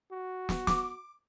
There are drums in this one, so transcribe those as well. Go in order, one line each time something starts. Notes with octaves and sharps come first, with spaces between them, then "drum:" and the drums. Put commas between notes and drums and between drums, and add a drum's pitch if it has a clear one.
F#4
drum: snare
D6, drum: snare